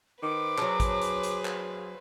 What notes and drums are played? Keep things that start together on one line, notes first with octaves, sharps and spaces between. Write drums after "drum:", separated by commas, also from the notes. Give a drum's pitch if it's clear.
D#3 B4 C5 D6
F#3 D4 G#4, drum: clap
drum: kick A1, hi-hat
drum: hi-hat
drum: hi-hat
drum: clap